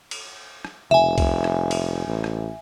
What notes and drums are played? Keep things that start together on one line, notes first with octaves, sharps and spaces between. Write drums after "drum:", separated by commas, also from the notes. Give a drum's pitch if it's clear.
drum: cymbal
drum: rim click
F1 E5 G#5, drum: tom C#3
drum: kick C2, cymbal
drum: rim click
drum: cymbal
A1
drum: rim click